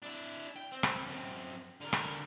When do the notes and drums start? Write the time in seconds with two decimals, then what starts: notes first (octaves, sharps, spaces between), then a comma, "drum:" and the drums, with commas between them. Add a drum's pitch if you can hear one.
0.02 D4 E4
0.56 G5
0.72 C4
0.83 drum: rim click
1.06 F#2 C4
1.81 D3 A#4
1.93 drum: rim click